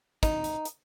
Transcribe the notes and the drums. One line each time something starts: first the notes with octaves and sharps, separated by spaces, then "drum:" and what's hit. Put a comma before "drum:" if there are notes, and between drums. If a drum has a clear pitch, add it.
D#4, drum: kick, hi-hat
drum: hi-hat
drum: hi-hat